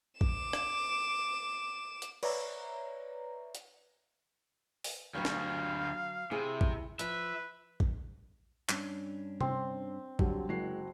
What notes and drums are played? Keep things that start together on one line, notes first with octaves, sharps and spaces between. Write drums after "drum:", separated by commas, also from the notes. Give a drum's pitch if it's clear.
D6 E7, drum: kick A1
drum: rim click
drum: hi-hat
B4 C#5 D5 E5 A#5, drum: cymbal
drum: hi-hat
drum: open hi-hat
D2 F#3 G3 B4 C#5 F5
drum: snare
C3 E4 G#4
drum: kick A1
F3 B4 E5, drum: hi-hat
drum: kick A1
G2 C#4 D4, drum: clap
C4 C6, drum: tom C3
D3 F#3 G3, drum: kick A1
F#1 G#3 F#4 C7